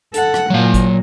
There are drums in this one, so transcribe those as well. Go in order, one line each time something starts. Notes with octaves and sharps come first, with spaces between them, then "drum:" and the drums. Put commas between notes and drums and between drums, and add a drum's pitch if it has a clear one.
A4 F#5, drum: hi-hat
drum: rim click
A#2 F#3 F5
drum: kick G#1, hi-hat